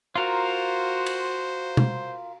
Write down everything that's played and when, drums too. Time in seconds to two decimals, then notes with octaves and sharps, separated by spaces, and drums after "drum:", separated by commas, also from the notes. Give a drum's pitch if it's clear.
0.16 F4 F#4 A#4 C5
1.06 drum: cymbal
1.77 drum: tom B2